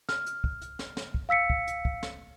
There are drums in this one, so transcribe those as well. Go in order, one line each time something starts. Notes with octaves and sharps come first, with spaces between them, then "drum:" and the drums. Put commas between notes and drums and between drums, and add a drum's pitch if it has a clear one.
F6, drum: snare
drum: hi-hat
drum: kick
drum: hi-hat
drum: snare
drum: snare
drum: kick
F5 E6 B6 C#7
drum: kick
drum: hi-hat
drum: kick
drum: snare